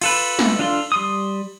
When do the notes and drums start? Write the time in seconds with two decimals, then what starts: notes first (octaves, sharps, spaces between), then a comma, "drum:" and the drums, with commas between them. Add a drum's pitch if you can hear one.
0.01 F4 A4 B4, drum: cymbal
0.39 drum: snare
0.59 D4 F4 A4 F5 C6
0.92 G3 C6 D#6